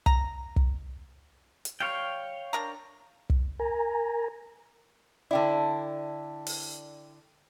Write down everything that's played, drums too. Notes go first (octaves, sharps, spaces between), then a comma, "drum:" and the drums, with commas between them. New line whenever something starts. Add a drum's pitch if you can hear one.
A#5, drum: kick
drum: kick
drum: hi-hat
G3 C#5 F5 G5
D4 A#4 A#5
drum: kick
A#4 G#5 A#5
D3 D4 E4 D5 G5
drum: open hi-hat